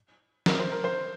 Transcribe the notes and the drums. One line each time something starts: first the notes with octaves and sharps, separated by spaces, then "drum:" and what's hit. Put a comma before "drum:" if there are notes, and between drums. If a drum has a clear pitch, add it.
A#4, drum: snare
C5
A#4
C5